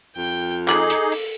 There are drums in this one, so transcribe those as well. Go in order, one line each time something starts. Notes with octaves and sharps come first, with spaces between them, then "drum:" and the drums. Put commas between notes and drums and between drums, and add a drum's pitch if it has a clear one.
F2 G5
D#4 G#4 A4 D6 F#7, drum: clap
drum: hi-hat
drum: open hi-hat